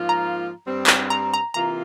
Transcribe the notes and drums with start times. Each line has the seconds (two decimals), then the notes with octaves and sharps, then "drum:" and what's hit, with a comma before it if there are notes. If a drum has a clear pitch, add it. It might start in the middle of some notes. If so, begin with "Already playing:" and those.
Already playing: G#2 F3 A#3 F4
0.09 A#5
0.67 G2 G3 C4
0.87 drum: clap
1.10 A#5
1.34 A#5
1.54 C3 E3 A#3 F4 A#5